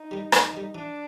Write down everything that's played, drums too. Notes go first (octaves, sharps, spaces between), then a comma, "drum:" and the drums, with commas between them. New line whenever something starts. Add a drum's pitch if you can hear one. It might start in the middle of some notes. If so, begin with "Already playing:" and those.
Already playing: D#4
D#3 G3
F#2, drum: rim click
D#3 G3
E3 D4